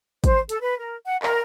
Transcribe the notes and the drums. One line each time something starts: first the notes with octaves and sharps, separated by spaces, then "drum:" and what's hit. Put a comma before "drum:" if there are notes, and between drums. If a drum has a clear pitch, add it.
C5, drum: kick G#1, hi-hat
A4, drum: hi-hat
B4
A#4
F#5
A#4, drum: clap